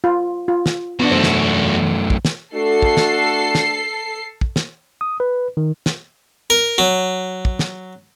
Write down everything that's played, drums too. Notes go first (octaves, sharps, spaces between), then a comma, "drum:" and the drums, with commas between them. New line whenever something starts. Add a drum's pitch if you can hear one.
F4
F4
drum: snare
E2 B3 D4 F#4
F#2 A3 C5
drum: snare
drum: kick
drum: snare
A3 D4 F#4 A4 C7
drum: kick
drum: snare
drum: snare
drum: kick
drum: snare
D#6
B4
D#3
drum: snare
A#4
F#3
drum: kick
drum: snare